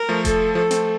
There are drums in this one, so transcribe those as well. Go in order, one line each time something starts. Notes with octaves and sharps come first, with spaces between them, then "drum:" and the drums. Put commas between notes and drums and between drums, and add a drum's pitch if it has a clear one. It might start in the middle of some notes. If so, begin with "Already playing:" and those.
Already playing: A#4
F3 A3
A4, drum: kick E1, hi-hat
F3 A3 A4
A3 C4, drum: hi-hat